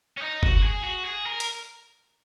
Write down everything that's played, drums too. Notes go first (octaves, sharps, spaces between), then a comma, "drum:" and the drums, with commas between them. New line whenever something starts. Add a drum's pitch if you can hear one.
C#4
D#4
F#4, drum: kick
F#4
G#4
F#4
G#4
A#4
drum: hi-hat